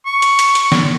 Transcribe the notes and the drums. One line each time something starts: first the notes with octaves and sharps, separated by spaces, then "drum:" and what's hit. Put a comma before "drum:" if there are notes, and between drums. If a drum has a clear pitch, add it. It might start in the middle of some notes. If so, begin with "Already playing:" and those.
C#6
drum: hi-hat
drum: hi-hat
drum: hi-hat
drum: snare B3